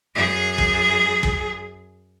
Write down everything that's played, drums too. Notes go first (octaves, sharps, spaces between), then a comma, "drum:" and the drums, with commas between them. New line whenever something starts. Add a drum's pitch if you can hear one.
F#2 G#4
drum: kick
drum: kick